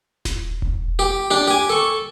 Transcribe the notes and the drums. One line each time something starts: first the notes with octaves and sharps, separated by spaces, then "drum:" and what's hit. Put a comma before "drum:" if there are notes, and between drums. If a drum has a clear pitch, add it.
drum: snare E1
drum: kick E1
G4
D4 G4
G4 G#5
A4 C#6